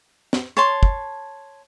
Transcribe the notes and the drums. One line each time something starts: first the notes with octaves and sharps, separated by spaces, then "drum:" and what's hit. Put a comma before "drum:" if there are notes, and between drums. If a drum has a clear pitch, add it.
drum: snare
C#5 A5 C6
drum: kick